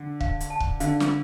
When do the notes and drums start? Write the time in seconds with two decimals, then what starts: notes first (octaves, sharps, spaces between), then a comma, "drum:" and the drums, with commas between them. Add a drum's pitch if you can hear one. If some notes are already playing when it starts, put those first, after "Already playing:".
Already playing: D3
0.21 F5, drum: kick C#1
0.40 drum: hi-hat
0.50 A5
0.60 drum: kick C#1
0.80 D3 F5, drum: hi-hat
1.00 drum: snare